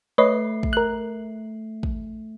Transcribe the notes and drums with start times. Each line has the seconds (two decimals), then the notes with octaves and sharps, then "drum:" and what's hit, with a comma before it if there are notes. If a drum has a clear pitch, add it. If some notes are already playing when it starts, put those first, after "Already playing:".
0.18 A3 B4 C#5 D#5 C7
0.63 drum: kick
0.73 A#4 F#6
1.83 drum: kick